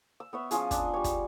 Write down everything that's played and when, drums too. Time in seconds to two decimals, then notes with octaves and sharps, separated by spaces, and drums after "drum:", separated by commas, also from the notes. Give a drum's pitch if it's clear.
0.20 E6
0.33 B3 C#5 E5
0.51 F3 C#4 F4 G#4, drum: hi-hat
0.71 D4, drum: kick, hi-hat
0.94 G3 C#5
1.04 drum: kick, hi-hat